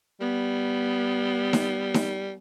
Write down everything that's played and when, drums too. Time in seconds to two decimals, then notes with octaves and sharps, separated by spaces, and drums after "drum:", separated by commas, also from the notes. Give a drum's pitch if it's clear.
0.20 G3 B3
1.53 drum: snare D#4
1.94 drum: snare D#4